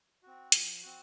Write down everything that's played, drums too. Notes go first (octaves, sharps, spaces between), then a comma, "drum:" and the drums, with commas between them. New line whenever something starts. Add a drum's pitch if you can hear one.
C4 F#4
F3, drum: hi-hat
C4 F#4